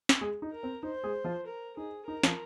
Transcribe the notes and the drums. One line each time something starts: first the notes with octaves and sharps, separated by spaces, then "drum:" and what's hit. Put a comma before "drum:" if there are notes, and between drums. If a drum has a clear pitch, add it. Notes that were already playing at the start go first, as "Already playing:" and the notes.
drum: snare
G#3 G#4
D#4
A#4
C4
D#4 C5
G#3 G#4
F3 F4
A#4
D#4 G#4
D#4 A#4
F3 F4, drum: snare